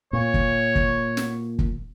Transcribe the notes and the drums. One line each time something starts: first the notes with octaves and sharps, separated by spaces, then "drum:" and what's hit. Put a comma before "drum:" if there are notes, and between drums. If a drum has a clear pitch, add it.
A#2 C#5
drum: kick
drum: kick
drum: snare
drum: kick